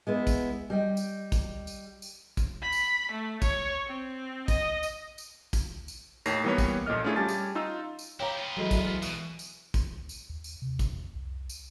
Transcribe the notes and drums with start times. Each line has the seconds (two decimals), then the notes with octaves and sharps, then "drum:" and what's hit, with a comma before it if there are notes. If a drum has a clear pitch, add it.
0.07 G#3 B3 E4
0.27 drum: kick, tambourine
0.70 G3 D#5 G5
0.97 drum: tambourine
1.32 drum: kick, tambourine
1.67 drum: tambourine
2.02 drum: tambourine
2.37 drum: kick, tambourine
2.62 B5
2.72 drum: tambourine
3.12 A3
3.42 C#5, drum: kick, tambourine
3.86 C4
4.48 D#5, drum: kick, tambourine
4.83 drum: tambourine
5.18 drum: tambourine
5.53 drum: kick, tambourine
5.88 drum: tambourine
6.26 D#2 A2 D#3 C#5 A#6 C7, drum: tambourine
6.44 E3 G3 A#3 B3 B4 C#5
6.58 drum: kick, tambourine
6.86 A#1 A#2 A4 D#5 F6
7.04 A3 C#4 D4 E4 F4 G#4
7.16 G3 C#4 G4 G#5 A5 A6
7.28 drum: tambourine
7.55 D#4 F4 E6
7.99 drum: tambourine
8.20 E4 G4 C#5 F5 G5 A#5
8.37 B3 F4
8.57 E3 F#3 G#3 F#4 A4 B5
8.71 D5 E5, drum: kick, tambourine
9.02 B2 B3, drum: tambourine
9.39 drum: tambourine
9.74 drum: kick, tambourine
10.09 drum: tambourine
10.30 D#2
10.44 drum: tambourine
10.62 C3
10.79 drum: kick, tambourine
10.93 F2
11.14 C2
11.50 drum: tambourine